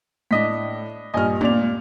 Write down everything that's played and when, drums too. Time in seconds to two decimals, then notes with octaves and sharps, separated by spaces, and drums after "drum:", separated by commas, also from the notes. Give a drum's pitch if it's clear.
0.31 A2 D4 D#5 B6
1.14 A#1 G2 D#5 G#5 F6
1.41 D#2 A#2 D5 F7, drum: tom